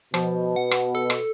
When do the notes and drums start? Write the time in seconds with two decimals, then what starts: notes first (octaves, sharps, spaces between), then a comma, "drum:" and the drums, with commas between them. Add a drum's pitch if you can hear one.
0.14 B2 F3, drum: rim click
0.56 F#5
0.71 drum: rim click
0.95 A4
1.10 drum: rim click